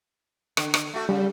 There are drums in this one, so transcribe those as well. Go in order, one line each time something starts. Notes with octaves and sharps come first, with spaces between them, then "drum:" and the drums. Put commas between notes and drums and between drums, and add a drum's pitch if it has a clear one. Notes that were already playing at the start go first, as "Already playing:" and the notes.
D3, drum: rim click
drum: rim click
A3 F#4
C#3 G3